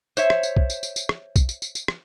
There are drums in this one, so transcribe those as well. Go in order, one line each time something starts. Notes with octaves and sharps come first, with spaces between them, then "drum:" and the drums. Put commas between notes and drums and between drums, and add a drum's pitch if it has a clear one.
C5 C#5 E5, drum: tambourine
drum: rim click
drum: tambourine
drum: kick
drum: tambourine
drum: tambourine
drum: tambourine
drum: rim click
drum: kick, tambourine
drum: tambourine
drum: tambourine
drum: tambourine
drum: rim click